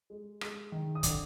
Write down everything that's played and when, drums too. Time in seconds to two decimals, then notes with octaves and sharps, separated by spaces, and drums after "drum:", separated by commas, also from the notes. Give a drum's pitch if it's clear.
0.10 G#3
0.41 G#3, drum: rim click
0.72 D#3
0.95 D#6
1.03 D3 D5 D6, drum: kick, hi-hat